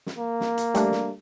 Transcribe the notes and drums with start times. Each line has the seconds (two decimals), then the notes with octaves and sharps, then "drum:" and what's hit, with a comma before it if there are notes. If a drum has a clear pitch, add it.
0.06 drum: snare
0.18 A#3
0.40 drum: snare
0.57 drum: hi-hat
0.74 G3 A3 D4, drum: hi-hat
0.92 drum: snare